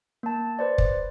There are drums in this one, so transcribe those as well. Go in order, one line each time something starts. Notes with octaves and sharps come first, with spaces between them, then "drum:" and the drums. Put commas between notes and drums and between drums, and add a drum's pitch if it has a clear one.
A#3 A5
B4 C5 D5
drum: kick